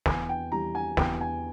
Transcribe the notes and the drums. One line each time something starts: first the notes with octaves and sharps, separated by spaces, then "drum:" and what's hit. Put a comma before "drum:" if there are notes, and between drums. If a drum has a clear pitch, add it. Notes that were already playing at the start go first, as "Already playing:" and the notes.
E2 G#5, drum: snare
G5
E3 G3 A#5
G#5
E2 G5, drum: snare
G#5